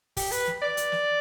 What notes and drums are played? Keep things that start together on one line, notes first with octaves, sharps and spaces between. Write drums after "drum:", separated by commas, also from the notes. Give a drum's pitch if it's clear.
G4, drum: kick, open hi-hat
B4, drum: hi-hat
drum: snare
D5
drum: hi-hat
drum: snare